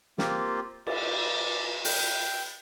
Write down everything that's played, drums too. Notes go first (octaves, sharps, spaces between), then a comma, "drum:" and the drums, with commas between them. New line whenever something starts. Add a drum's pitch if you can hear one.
A#3 C4 F4 G4, drum: snare
D5, drum: cymbal
G5, drum: open hi-hat